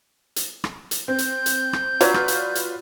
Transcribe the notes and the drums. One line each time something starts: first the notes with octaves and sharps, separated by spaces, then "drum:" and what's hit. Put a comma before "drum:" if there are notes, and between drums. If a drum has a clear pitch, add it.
drum: hi-hat
drum: rim click
drum: hi-hat
C4 G6
drum: hi-hat
drum: hi-hat
drum: rim click
F#3 F4 B4 D5, drum: hi-hat
drum: rim click
drum: hi-hat
drum: hi-hat